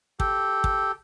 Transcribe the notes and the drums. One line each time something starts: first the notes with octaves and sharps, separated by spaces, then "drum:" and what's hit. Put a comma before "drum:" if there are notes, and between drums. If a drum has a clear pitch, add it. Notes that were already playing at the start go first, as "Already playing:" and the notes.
G4 A4, drum: kick
drum: kick